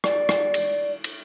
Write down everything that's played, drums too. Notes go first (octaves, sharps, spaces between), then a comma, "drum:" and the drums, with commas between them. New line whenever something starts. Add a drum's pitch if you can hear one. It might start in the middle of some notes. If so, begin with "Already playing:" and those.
D5, drum: rim click
drum: rim click
drum: cymbal
drum: cymbal